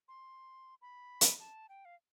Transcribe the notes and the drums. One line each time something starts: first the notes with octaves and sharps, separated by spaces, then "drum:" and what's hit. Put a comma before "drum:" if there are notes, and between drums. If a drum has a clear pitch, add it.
C6
B5
drum: hi-hat
A5
G5
F5